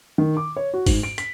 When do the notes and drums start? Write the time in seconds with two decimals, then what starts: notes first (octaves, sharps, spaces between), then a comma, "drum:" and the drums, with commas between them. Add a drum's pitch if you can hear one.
0.18 D#3
0.37 D6
0.56 C#5
0.74 F#4
0.87 G#2, drum: kick, open hi-hat
1.03 D7
1.18 B6, drum: hi-hat